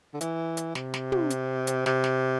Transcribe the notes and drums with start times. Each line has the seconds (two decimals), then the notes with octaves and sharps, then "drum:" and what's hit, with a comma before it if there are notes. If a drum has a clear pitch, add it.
0.14 D3
0.21 E3, drum: hi-hat
0.57 drum: hi-hat
0.75 C3, drum: snare
0.94 drum: snare
1.12 drum: tom
1.30 drum: hi-hat
1.67 drum: hi-hat
1.86 C3, drum: snare
2.04 drum: snare